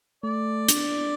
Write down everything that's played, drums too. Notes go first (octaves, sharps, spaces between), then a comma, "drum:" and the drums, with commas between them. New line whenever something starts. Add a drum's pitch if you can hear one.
A3 D5
D4, drum: hi-hat